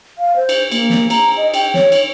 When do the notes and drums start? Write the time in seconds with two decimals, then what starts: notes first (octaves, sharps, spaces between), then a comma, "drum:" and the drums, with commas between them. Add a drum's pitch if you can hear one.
0.18 F5
0.36 C5
0.49 drum: cymbal
0.72 A#3, drum: cymbal
0.90 drum: snare
1.10 A#5, drum: cymbal
1.37 D#5
1.54 G5, drum: cymbal
1.74 C#5, drum: snare
1.92 drum: cymbal